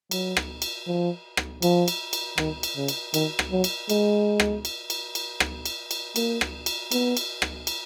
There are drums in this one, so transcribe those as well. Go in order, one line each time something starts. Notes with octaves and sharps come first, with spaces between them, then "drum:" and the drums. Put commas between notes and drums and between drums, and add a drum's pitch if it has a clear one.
F#3, drum: cymbal
drum: rim click
drum: cymbal
F3
drum: rim click
F3, drum: cymbal
drum: cymbal
drum: cymbal
D#3, drum: rim click
drum: cymbal
C#3
drum: cymbal
D#3, drum: cymbal
drum: rim click
F#3
drum: cymbal
G#3, drum: cymbal
drum: rim click
drum: cymbal
drum: cymbal
drum: cymbal
drum: rim click
drum: cymbal
drum: cymbal
A#3, drum: cymbal
drum: rim click
drum: cymbal
B3, drum: cymbal
drum: cymbal
drum: rim click
drum: cymbal